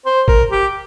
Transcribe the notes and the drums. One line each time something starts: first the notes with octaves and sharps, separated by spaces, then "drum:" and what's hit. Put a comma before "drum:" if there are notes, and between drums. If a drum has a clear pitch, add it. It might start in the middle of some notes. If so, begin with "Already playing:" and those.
C5
A#4, drum: kick
G4